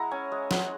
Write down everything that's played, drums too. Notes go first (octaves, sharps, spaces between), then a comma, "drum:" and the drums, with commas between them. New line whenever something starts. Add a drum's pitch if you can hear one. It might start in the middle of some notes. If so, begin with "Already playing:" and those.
Already playing: G#3 E4 F#5 A#5
C#4 G#5
G#3
G#3 F#5, drum: snare